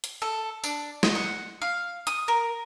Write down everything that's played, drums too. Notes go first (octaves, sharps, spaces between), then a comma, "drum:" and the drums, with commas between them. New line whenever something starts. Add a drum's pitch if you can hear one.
drum: hi-hat
A4
D4, drum: tambourine
D#5, drum: snare
F#5
F5
D#6, drum: hi-hat
A#4